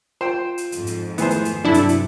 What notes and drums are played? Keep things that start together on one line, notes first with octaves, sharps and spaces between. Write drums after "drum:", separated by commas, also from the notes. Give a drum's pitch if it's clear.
F4 C5 G5
drum: hi-hat
F2 G#2, drum: hi-hat
drum: hi-hat
D#3 A3 B3 E4 G#4 C5, drum: hi-hat
drum: hi-hat
drum: hi-hat
G2 C3 F#3 D4 E4 A4
drum: hi-hat
drum: hi-hat